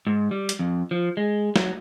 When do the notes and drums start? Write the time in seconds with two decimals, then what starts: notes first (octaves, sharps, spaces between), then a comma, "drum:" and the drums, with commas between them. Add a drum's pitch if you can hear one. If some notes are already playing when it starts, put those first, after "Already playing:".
0.07 G#2
0.31 G3
0.49 drum: hi-hat
0.59 F2
0.91 F3
1.17 G#3
1.56 F#3, drum: snare